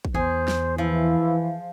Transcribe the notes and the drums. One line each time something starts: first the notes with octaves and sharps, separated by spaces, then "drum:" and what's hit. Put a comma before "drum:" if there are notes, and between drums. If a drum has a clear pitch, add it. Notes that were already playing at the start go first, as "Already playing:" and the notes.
drum: kick A1
E2 G#4 C5
drum: snare
E3 F3 E4